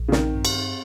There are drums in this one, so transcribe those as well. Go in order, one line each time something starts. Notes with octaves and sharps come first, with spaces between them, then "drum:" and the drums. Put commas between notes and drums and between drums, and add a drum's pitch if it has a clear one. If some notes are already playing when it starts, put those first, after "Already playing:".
Already playing: A#1
C#3
D#3 C4, drum: snare
G2
drum: cymbal
C4